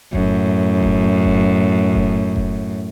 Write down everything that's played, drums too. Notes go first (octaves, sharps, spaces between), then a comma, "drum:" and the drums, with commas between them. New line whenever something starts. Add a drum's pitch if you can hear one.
F#2 A2, drum: kick F1
drum: kick F1
drum: kick F1
drum: kick F1
drum: kick F1